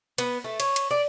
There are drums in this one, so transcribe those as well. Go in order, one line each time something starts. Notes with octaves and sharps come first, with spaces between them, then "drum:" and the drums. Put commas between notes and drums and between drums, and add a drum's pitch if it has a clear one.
B3, drum: cymbal
A3
C#5, drum: cymbal
drum: cymbal
D5